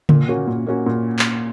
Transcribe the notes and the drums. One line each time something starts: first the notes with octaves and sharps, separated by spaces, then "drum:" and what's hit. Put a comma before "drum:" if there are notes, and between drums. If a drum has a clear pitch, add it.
A#2, drum: tom C#3
A#3 C#4 F#4
A#2
A#3 C#4 F#4
A#2
drum: clap